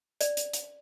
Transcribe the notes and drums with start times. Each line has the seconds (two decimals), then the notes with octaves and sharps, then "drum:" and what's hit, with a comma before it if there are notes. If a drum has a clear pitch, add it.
0.21 D5, drum: hi-hat
0.37 drum: hi-hat
0.53 drum: hi-hat